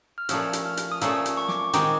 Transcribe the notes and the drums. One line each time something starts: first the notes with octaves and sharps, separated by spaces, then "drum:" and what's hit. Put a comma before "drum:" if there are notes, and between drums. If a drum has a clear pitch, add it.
F6
A#2 F3 A3 C#4 E6, drum: hi-hat
drum: hi-hat
F6
drum: hi-hat
D#6
A#2 F3 A3 C#4 E6, drum: hi-hat
drum: hi-hat
C#6
D6, drum: snare
C#6
D#3 G#3 C4 D6, drum: hi-hat